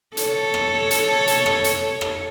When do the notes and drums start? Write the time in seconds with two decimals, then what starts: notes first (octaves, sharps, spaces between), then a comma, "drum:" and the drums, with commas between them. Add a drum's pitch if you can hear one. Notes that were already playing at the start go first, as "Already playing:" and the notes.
0.17 A4 C#5, drum: hi-hat
0.54 drum: rim click
0.91 drum: hi-hat
1.27 drum: hi-hat
1.46 drum: rim click
1.64 drum: hi-hat
2.01 drum: rim click